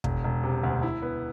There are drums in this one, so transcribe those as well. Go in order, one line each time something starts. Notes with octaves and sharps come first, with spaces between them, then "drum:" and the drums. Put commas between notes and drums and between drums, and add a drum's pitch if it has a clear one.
E1, drum: kick
E1
C3
D2
E4
B3